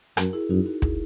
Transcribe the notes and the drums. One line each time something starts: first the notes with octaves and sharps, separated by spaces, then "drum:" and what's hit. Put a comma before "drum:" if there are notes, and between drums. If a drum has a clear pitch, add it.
F#2 F#4 A#4, drum: rim click
E4 G#4
F#2 D#4 F#4
D#4 F#4
E4 G#4, drum: kick